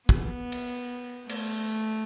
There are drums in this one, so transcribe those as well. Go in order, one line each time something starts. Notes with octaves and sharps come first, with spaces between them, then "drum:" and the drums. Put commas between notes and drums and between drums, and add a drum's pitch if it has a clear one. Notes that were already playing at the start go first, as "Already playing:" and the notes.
B3, drum: kick
drum: cymbal
A3, drum: cymbal